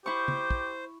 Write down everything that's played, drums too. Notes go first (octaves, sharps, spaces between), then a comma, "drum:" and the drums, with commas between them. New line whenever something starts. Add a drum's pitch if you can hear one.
E4 G4 C5 C#6
drum: tom
drum: kick